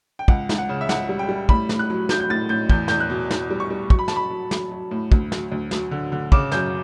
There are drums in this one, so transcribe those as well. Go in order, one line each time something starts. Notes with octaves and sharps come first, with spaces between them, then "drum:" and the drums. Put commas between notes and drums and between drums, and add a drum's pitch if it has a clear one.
G5
C#2 F#5, drum: kick
C#2, drum: snare
F#5
C#3
E5
C#2 F#5, drum: snare
G3
G5
G3
A2 B5, drum: kick
A2, drum: snare
F#6
F#3
F#3 G6, drum: snare
G6
A2 A6
A2 G6
E2 G6, drum: kick
E2 G6, drum: snare
F#6
B2
B2, drum: snare
G3
C#6
G3
F#3 C#6, drum: kick
B5
F#3 A5, drum: snare
B5
F#3
F#3, drum: snare
F#3
A2
D2, drum: kick
F#3, drum: snare
D2
F#3, drum: snare
D3
D3
C#3 D6, drum: kick
F#2 G6, drum: snare